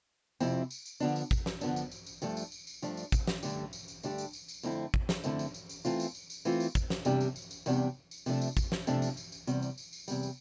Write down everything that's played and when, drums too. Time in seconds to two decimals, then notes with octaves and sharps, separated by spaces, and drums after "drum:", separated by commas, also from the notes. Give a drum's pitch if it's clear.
0.40 F2 C3 F3 C4 E4, drum: tambourine
0.70 drum: tambourine
0.86 drum: tambourine
1.00 D3 F3 B3 D4, drum: tambourine
1.16 drum: tambourine
1.31 drum: kick, tambourine
1.46 drum: snare
1.61 D3 F3 B3 D4, drum: tambourine
1.76 drum: tambourine
1.91 drum: tambourine
2.07 drum: tambourine
2.22 G2 F3 A3 D4, drum: tambourine
2.37 drum: tambourine
2.52 drum: tambourine
2.67 drum: tambourine
2.82 G2 F3 A3 D4, drum: tambourine
2.97 drum: tambourine
3.12 drum: kick, tambourine
3.27 drum: snare
3.43 G2 D3 A3 D4 G4, drum: tambourine
3.73 drum: tambourine
3.88 drum: tambourine
4.03 G2 D3 A3 D4 G4, drum: tambourine
4.18 drum: tambourine
4.33 drum: tambourine
4.48 drum: tambourine
4.63 F2 D3 A3 C4 E4, drum: tambourine
4.94 drum: kick
5.09 drum: snare
5.24 F2 D3 A3 C4 E4, drum: tambourine
5.39 drum: tambourine
5.54 drum: tambourine
5.69 drum: tambourine
5.85 E3 A3 C4 F4, drum: tambourine
6.00 drum: tambourine
6.15 drum: tambourine
6.30 drum: tambourine
6.45 E3 A3 C4 F4, drum: tambourine
6.60 drum: tambourine
6.75 drum: kick, tambourine
6.90 drum: snare
7.05 E2 C3 G3 D4 G4, drum: tambourine
7.21 drum: tambourine
7.36 drum: tambourine
7.51 drum: tambourine
7.66 E2 C3 G3 D4 G4, drum: tambourine
8.11 drum: tambourine
8.26 C3 F3 A3 D4, drum: tambourine
8.42 drum: tambourine
8.57 drum: kick, tambourine
8.72 drum: snare
8.87 C3 F3 A3 D4, drum: tambourine
9.02 drum: tambourine
9.17 drum: tambourine
9.32 drum: tambourine
9.47 E2 C3 G3, drum: tambourine
9.62 drum: tambourine
9.78 drum: tambourine
9.93 drum: tambourine
10.08 E2 C3 G3, drum: tambourine
10.23 drum: tambourine